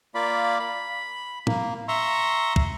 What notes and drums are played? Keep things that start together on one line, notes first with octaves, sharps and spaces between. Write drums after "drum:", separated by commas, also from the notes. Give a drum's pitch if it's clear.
A#3 F4 D5 B5
B5
A#3, drum: tom A2
E5 A#5 C6 C#6
drum: kick